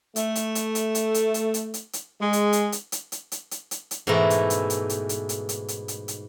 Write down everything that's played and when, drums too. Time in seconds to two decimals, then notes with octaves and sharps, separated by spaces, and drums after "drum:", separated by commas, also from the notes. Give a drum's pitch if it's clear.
0.16 A3, drum: hi-hat
0.35 drum: hi-hat
0.55 drum: hi-hat
0.75 drum: hi-hat
0.95 drum: hi-hat
1.14 drum: hi-hat
1.34 drum: hi-hat
1.54 drum: hi-hat
1.74 drum: hi-hat
1.93 drum: hi-hat
2.21 G#3
2.33 drum: hi-hat
2.53 drum: hi-hat
2.72 drum: hi-hat
2.92 drum: hi-hat
3.12 drum: hi-hat
3.32 drum: hi-hat
3.51 drum: hi-hat
3.71 drum: hi-hat
3.91 drum: hi-hat
4.07 G#2 B2 E3 A3 D#4 E4
4.30 drum: hi-hat
4.50 drum: hi-hat
4.70 drum: hi-hat
4.89 drum: hi-hat
5.09 drum: hi-hat
5.29 drum: hi-hat
5.49 drum: hi-hat
5.68 drum: hi-hat
5.88 drum: hi-hat
6.08 drum: hi-hat